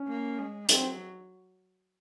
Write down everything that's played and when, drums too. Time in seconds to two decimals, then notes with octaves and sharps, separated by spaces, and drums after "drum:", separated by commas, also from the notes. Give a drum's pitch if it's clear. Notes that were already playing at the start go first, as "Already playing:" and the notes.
Already playing: C#4
0.09 A#3
0.38 G#3
0.69 F#3 C4, drum: hi-hat